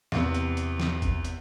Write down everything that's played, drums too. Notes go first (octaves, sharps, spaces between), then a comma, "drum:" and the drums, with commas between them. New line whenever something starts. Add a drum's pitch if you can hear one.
E2 C3 B3, drum: snare
drum: hi-hat
drum: hi-hat
drum: snare
drum: kick G1, hi-hat
drum: hi-hat